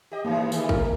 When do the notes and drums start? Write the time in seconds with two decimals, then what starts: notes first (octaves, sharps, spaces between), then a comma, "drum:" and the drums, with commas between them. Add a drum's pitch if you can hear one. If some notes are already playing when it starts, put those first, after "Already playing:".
0.12 G4 D#5
0.25 G2 C#3 E3 A#3
0.52 D#3 G#4, drum: tambourine
0.69 A#4, drum: kick